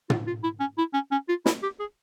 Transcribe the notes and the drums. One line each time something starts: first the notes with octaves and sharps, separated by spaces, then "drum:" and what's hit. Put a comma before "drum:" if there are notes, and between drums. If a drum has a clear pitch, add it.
F4, drum: tom
F4
E4
C#4
E4
C#4
C#4
F4
E4, drum: snare
G4
G#4